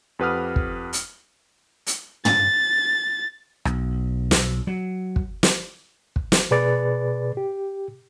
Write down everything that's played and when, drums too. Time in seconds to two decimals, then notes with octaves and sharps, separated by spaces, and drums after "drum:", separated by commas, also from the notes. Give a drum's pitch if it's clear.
0.19 F2 G4 B4 F#5 D#6 F6
0.56 drum: kick
0.93 drum: hi-hat
1.87 drum: hi-hat
2.25 A6, drum: tom
3.65 B1, drum: rim click
4.31 B1, drum: snare
4.67 F#3
5.16 drum: kick
5.43 drum: snare
6.16 drum: kick
6.32 drum: snare
6.51 B2 G#4 B4 D5 A6
7.37 G4